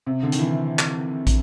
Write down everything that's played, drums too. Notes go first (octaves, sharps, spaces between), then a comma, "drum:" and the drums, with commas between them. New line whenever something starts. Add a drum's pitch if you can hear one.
C3
D3
D#3, drum: hi-hat
E3
drum: clap
drum: kick, hi-hat